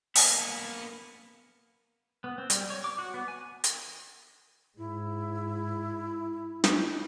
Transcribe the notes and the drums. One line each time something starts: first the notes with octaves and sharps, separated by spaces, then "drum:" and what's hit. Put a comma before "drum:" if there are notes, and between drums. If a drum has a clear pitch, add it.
A#3 B3, drum: open hi-hat
B3
C4
G3, drum: hi-hat
C#5
D6
F#4
B3
G#5
drum: hi-hat
G#2 E4
drum: snare